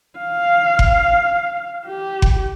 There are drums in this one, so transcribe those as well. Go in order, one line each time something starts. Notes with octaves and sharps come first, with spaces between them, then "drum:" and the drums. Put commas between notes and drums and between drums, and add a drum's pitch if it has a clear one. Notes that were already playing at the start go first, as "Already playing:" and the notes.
F5
drum: kick F#1
G4
drum: kick F#1